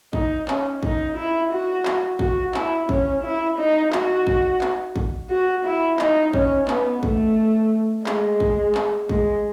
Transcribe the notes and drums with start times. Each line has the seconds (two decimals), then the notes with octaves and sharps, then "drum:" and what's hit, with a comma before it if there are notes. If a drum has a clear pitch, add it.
0.13 D#4, drum: kick
0.48 C#4, drum: clap
0.83 D#4, drum: kick
1.16 E4
1.51 F#4
1.85 drum: clap
2.19 F#4, drum: kick
2.54 E4, drum: clap
2.89 C#4, drum: kick
3.23 E4
3.58 D#4
3.93 F#4, drum: clap
4.27 drum: kick
4.61 drum: clap
4.96 drum: kick
5.30 F#4
5.65 E4
5.99 D#4, drum: clap
6.33 C#4, drum: kick
6.68 B3, drum: clap
7.03 A3, drum: kick
8.06 G#3, drum: clap
8.40 drum: kick
8.75 drum: clap
9.09 G#3, drum: kick